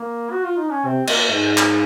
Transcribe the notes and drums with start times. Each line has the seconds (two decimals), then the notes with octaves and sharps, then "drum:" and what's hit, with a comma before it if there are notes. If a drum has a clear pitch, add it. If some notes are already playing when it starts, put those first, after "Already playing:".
Already playing: A#3
0.31 F#4
0.44 F4
0.58 D#4
0.71 C#4
0.84 C3 C4
1.07 A#3, drum: cymbal
1.31 G#2 G#3
1.58 drum: clap